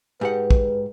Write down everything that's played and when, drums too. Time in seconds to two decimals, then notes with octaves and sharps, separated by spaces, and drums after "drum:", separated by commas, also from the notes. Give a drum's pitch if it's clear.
0.21 G#2 G4 B4 F#5
0.51 drum: kick